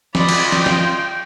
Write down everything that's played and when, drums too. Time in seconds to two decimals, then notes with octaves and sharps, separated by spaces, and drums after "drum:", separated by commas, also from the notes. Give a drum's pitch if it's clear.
0.15 F4 D5 D#5 B5, drum: snare
0.29 drum: cymbal
0.52 G5, drum: snare
0.66 drum: snare